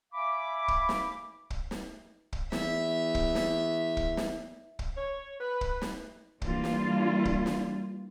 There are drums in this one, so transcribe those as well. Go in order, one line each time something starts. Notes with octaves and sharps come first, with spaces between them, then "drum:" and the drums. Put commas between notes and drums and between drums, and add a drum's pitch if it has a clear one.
E5 F5 G#5 B5 D6
drum: kick
drum: snare
drum: kick
drum: snare
drum: kick
E2 E5, drum: snare
drum: kick
drum: snare
drum: kick
drum: snare
drum: kick
C#5
B4
drum: kick
drum: snare
E3 G3 A#3 D4 F4, drum: kick
drum: snare
drum: kick
drum: snare